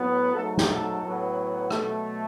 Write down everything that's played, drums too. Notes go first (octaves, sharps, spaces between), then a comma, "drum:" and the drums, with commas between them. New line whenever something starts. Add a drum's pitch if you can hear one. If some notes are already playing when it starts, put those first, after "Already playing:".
Already playing: A2 F#3 B3
G#2 F#3 A3 A4
drum: snare
A4
A2 F#3 B3
B2 F#3 A3, drum: rim click